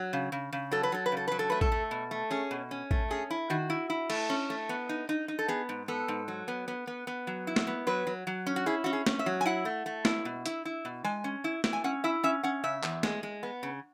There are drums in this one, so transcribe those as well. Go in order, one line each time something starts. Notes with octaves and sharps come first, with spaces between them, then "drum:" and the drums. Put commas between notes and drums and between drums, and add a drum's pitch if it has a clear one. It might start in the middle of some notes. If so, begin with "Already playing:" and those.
Already playing: F#3
C#3
C#3
C#3
F#3 A4
B4
F#3 A4
B4
C#3 A4
F#3 B4
A4
A3 B4
A4, drum: kick A1
A3
B2
A3
C#4 G#4
B2
C#4
A3, drum: kick A1
C#4 G#4
E4
D#3 F#4
E4
E4
A3, drum: cymbal
C#4
A3
B3
D#4
D#4
D#4
A4
B3 G#4
G#2
B3 A4
G#2
F#3
B3
B3
B3
B3
F#3
E4
drum: snare
B3
F#3 B4
F#3
F#3
C#4
F#4
E4 G#4
C#4 F#4
G#4
C#4, drum: snare
E5
F#3
G#5
E4 F#5
A3
A3
E4, drum: snare
B2
E4, drum: hi-hat
E4
B2
G#3 G#5
C#4
E4
E4, drum: snare
G#5
C#4 F#5
E4 E5
C#4 E5
C#4 F#5
C#3 E5
E2, drum: clap
G#3, drum: snare
G#3
B3
C#3